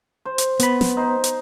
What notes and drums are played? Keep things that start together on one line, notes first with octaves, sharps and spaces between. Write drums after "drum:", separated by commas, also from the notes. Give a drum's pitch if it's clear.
C5
drum: hi-hat
B3 B5, drum: hi-hat
drum: snare
D#4 C5
drum: hi-hat